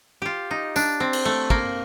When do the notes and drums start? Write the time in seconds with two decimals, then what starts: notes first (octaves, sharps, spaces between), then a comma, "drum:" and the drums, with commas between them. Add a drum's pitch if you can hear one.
0.22 F4 G4
0.51 D#4
0.76 D4, drum: tambourine
1.00 C4
1.13 drum: cymbal
1.25 A3
1.50 A#3, drum: kick